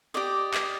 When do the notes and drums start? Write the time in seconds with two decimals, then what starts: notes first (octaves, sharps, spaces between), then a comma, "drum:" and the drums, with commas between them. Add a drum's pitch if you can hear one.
0.14 G4 D5 D#5
0.54 D#5, drum: clap